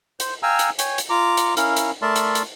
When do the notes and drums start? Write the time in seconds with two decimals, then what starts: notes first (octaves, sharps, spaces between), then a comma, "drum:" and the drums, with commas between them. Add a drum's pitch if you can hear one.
0.20 C5, drum: hi-hat
0.43 F5 G5 G#5 A#5 E6
0.59 drum: hi-hat
0.79 C#5 G5 G#5, drum: hi-hat
0.98 drum: hi-hat
1.10 F4 A#5 D6
1.37 drum: hi-hat
1.57 C#4 E4 A#4 F5, drum: hi-hat
1.76 drum: hi-hat
2.02 A3 A#4 D5 E5 A5 C6
2.16 drum: hi-hat
2.35 drum: hi-hat